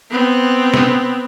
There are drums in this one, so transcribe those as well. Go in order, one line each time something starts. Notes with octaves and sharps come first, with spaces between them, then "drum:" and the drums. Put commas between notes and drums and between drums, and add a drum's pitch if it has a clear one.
B3 C4
drum: snare